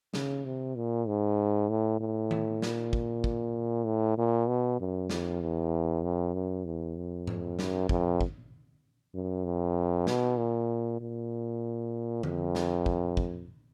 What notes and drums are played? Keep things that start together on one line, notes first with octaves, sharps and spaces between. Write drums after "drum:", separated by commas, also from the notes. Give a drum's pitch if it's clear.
C#3, drum: snare
C3
A#2
G#2
A2
A2
drum: tom D#3
A#2, drum: snare
drum: kick
drum: kick
A2
A#2
B2
F#2
F2, drum: snare
E2
F2
F#2
E2
F2
drum: tom G#2
F#2, drum: snare
F2, drum: kick
drum: kick
F#2
F2
B2, drum: snare
A#2
A#2
F2, drum: tom D3
drum: snare
drum: kick
drum: kick